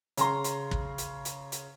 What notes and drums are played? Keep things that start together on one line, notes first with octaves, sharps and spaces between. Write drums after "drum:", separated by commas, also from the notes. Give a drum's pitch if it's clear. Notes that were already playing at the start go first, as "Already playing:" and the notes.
C#3 A#5 C6, drum: hi-hat
drum: hi-hat
drum: kick
drum: hi-hat
drum: hi-hat
drum: hi-hat